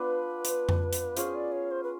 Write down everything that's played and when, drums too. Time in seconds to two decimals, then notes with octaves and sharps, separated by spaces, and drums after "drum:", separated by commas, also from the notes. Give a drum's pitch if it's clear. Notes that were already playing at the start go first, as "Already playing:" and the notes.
Already playing: B3 D4 F4 B4
0.45 drum: hi-hat
0.69 drum: tom F2
0.93 drum: hi-hat
1.17 C#4 F4 G#4 C5, drum: hi-hat
1.34 D5
1.52 C#5
1.71 C5
1.83 B4